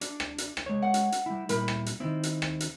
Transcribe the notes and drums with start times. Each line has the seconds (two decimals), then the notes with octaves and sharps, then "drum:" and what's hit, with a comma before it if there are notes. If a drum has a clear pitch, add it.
0.01 D4, drum: hi-hat
0.20 drum: rim click
0.38 drum: hi-hat
0.57 drum: rim click
0.66 G#3 C#5
0.82 F#5
0.94 drum: hi-hat
1.12 drum: hi-hat
1.26 G3 E4
1.49 A#2 G3 E4 A#4 E5 B5, drum: hi-hat
1.68 drum: rim click
1.86 drum: hi-hat
2.00 D#3 C4 E4
2.23 drum: hi-hat
2.42 drum: rim click
2.60 drum: hi-hat